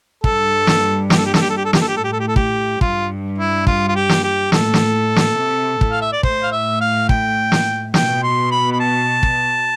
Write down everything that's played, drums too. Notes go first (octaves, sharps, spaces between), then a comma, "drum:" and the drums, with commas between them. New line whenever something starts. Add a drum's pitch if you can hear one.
G2 A4, drum: kick
drum: snare
G4, drum: snare
A4
G4
A4, drum: snare
G4
A4
G4
A4
G4, drum: snare
A4
G4
A2 A4
G4
A4
G4
A4
G4, drum: kick
G2 F4, drum: kick
E4
F4, drum: kick
F4
G4
drum: snare
G4
A2 A4, drum: snare
drum: snare
drum: snare
C3
A2, drum: kick
F5
E5
D5
A2 C5, drum: kick
F5
E5
F5
G5, drum: kick
drum: snare
B2 G5, drum: snare
C6
B5
B5
A5
drum: kick